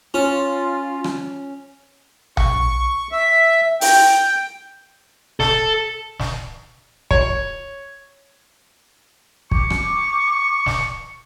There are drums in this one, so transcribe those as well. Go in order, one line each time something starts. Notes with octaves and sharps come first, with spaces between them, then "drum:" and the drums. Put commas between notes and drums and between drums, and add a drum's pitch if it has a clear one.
C#4 F4
drum: rim click
C#6, drum: tom B1
E5
G5, drum: open hi-hat
A4, drum: snare
drum: snare
C#5, drum: kick
C#6 D6, drum: kick
drum: rim click
drum: snare